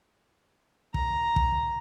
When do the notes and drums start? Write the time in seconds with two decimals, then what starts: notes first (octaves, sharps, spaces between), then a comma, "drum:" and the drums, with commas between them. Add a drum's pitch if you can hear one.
0.94 A#5, drum: kick
1.36 drum: kick